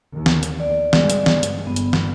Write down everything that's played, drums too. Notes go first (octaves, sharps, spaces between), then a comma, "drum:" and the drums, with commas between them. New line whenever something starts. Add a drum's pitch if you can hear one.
D#2
drum: snare
drum: hi-hat
D5
G2 G#3, drum: snare
drum: hi-hat
drum: snare
drum: hi-hat
G1 B3
drum: hi-hat
drum: snare